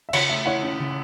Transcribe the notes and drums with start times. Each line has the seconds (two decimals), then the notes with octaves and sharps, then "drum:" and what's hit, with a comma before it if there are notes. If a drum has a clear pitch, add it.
0.09 E5
0.13 C#3 C#5 F#5, drum: cymbal
0.29 A3 E5
0.46 E4 C#5 F#5
0.62 C#4
0.80 C#3